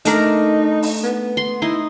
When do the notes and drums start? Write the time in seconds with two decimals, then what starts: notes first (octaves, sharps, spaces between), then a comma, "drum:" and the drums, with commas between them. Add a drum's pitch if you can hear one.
0.05 A3 D4 D#4 A#4, drum: hi-hat
0.83 drum: open hi-hat
1.04 B3
1.37 C6
1.62 D#4 E4 C6